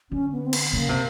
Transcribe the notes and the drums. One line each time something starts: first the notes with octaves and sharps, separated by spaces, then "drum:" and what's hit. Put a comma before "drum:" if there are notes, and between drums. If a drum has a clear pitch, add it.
D3 C#4
B3
C4
B3, drum: cymbal
C#3 A#3
C3